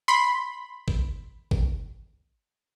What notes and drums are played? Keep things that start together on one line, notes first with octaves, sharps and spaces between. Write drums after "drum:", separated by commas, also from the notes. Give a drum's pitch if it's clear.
B5 C6
drum: kick
drum: kick